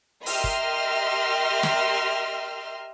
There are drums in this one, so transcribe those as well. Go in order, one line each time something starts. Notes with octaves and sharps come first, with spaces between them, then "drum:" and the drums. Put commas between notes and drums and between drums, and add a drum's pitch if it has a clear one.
G4 A#4 D#5 E5 C6 F6, drum: open hi-hat
drum: kick
drum: snare